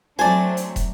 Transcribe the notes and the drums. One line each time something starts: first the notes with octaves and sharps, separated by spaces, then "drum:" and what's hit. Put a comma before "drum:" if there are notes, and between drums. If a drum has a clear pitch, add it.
F#3 A3 C4 D4 C5 D5 G#5 A5
drum: hi-hat
drum: kick, hi-hat